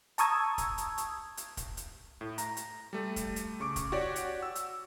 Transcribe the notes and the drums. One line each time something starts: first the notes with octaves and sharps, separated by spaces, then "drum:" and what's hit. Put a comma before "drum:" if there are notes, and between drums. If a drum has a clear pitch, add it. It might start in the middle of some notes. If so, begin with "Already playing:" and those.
A5 A#5 C#6 D#6 E6 G#6, drum: hi-hat
drum: kick, hi-hat
drum: hi-hat
drum: hi-hat
drum: hi-hat
drum: kick, hi-hat
drum: hi-hat
A2
A#5, drum: hi-hat
drum: hi-hat
G3 A3
drum: kick, hi-hat
drum: hi-hat
C#3 C#6 D6
drum: kick, hi-hat
F#4 G4 C#5 D5
drum: hi-hat
E6
drum: hi-hat